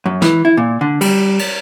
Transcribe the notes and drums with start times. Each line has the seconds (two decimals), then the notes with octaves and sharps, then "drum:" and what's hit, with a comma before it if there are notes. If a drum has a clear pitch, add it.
0.06 F#2
0.22 E3, drum: snare
0.45 E4
0.57 A#2
0.81 D3
1.01 G3, drum: cymbal
1.39 drum: cymbal